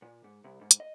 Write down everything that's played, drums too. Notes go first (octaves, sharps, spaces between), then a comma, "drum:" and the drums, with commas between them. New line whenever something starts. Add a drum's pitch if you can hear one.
A#2
G#2
C2
G#2
drum: hi-hat
D#5